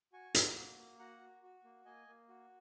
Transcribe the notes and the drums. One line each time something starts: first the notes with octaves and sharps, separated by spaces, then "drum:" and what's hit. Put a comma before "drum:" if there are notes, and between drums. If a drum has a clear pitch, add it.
F#4 G#5 C#6
A#3, drum: hi-hat
F#4
A#3
F#4 F#5 A#5
F#4
F#4
A#3
A#3 D#5 G#5
A#3
F#4